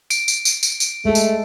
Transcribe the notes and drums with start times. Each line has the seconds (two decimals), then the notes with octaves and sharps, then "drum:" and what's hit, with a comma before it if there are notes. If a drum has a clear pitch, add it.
0.10 D7, drum: tambourine
0.28 drum: tambourine
0.45 drum: tambourine
0.63 drum: tambourine
0.80 drum: tambourine
1.05 G#3 A3 A4
1.15 drum: tambourine